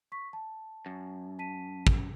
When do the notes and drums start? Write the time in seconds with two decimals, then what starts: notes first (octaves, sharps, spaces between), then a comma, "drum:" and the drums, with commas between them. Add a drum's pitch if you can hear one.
0.12 C#6 B6
0.33 A5
0.86 F#2
1.39 A5 B6 D#7
1.87 drum: kick